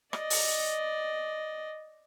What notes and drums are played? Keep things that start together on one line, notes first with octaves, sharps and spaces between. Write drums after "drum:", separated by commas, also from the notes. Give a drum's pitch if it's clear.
D5 D#5, drum: rim click
drum: open hi-hat